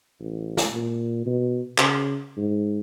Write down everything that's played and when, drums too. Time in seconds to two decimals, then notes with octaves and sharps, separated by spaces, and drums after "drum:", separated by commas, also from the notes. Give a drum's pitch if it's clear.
0.20 A1
0.57 drum: snare
0.72 A#2
1.26 B2
1.78 C#3, drum: clap
2.37 G#2